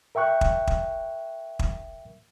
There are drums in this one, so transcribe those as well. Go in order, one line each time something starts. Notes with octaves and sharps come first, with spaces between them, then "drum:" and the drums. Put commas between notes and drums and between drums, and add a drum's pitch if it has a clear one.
A#4 E5 G5 C#6 F#6
drum: kick
drum: kick
drum: kick